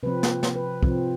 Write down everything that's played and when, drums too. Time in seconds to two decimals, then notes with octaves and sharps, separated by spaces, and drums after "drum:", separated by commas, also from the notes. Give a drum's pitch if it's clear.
0.03 C3 F3 C4 B4
0.23 drum: snare
0.43 drum: snare
0.56 B4
0.83 C3 F3 C4, drum: kick